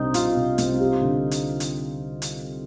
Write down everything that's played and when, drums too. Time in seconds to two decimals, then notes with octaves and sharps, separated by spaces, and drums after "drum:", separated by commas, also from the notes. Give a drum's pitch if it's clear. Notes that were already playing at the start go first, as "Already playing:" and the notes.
Already playing: C2 C3 C4 D4 D#4
0.14 C3 F4, drum: hi-hat
0.36 C3
0.58 C2, drum: hi-hat
0.80 G4
1.01 D3
1.31 drum: hi-hat
1.60 drum: hi-hat
2.22 drum: hi-hat